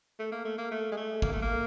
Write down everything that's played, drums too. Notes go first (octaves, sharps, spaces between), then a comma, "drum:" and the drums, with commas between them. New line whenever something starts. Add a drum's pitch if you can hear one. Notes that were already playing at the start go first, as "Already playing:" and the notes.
A3
A#3
A3
A#3
A3
G#3
A3
A#3, drum: kick
A3
A#3